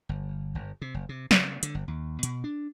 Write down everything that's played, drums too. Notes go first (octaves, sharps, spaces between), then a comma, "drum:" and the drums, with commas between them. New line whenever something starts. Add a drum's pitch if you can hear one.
G1
G1
C3
F#1
C3
C#3, drum: snare
D3, drum: hi-hat
G1
D#2
B2, drum: hi-hat
D4